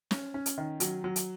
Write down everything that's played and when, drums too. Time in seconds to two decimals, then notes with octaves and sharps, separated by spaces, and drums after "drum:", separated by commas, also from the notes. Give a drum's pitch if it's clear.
0.11 C#4, drum: snare
0.34 C#4
0.46 drum: hi-hat
0.58 D#3
0.80 F#3, drum: hi-hat
1.04 F#3
1.16 drum: hi-hat